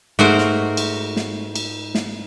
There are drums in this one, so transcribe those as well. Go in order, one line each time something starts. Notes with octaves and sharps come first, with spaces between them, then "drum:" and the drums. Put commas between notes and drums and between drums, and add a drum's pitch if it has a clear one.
G#2 A3 F#4 A#4 C5
drum: snare
drum: cymbal
drum: snare
drum: cymbal
drum: snare